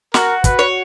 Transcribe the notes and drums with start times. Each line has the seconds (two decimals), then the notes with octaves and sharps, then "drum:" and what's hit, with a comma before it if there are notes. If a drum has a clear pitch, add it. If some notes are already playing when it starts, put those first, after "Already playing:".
0.14 F#4 A#4, drum: snare
0.44 B4, drum: kick, hi-hat
0.59 C#5